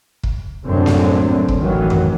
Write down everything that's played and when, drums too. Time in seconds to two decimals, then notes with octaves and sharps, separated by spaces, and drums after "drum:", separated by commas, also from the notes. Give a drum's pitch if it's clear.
0.23 drum: kick
0.65 C2 F#2 A2 D3 F#3 C4
0.86 drum: snare A#3
1.48 drum: kick
1.58 A1 D#3 E3 F#3
1.90 drum: tom F2